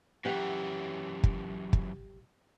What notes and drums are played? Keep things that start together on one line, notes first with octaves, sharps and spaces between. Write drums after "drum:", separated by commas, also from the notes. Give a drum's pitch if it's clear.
F#2 E3 G4 F#5
drum: kick
drum: kick